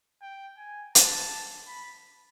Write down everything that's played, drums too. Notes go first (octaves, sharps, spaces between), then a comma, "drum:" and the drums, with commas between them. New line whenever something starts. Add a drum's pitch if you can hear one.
G5
G#5
A5, drum: hi-hat
B5